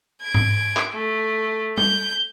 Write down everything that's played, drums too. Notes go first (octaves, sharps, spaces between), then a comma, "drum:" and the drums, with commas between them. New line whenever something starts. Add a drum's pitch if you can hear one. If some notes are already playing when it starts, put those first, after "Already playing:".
G#6 D7
drum: tom G#2
drum: clap
A3
G6, drum: tom